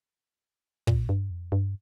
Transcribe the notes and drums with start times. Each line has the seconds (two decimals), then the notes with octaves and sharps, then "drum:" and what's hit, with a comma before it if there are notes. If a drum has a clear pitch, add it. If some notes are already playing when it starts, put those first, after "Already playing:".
0.87 A#2, drum: kick
1.09 G2
1.30 F2
1.52 G2